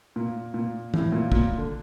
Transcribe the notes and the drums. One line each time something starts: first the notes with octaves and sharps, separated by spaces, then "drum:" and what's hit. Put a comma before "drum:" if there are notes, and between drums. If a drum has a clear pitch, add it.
A#2
A#2
A2, drum: tom
A#2
A#2, drum: kick
D3